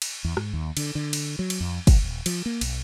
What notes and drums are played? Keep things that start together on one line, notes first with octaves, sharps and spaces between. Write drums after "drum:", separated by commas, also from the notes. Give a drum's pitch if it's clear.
drum: cymbal
E2
G#2, drum: rim click
D#2
D3, drum: cymbal
D3
drum: cymbal
F#3
drum: cymbal
F2
B1, drum: kick, cymbal
D#1
F3, drum: cymbal
A#3
B1, drum: cymbal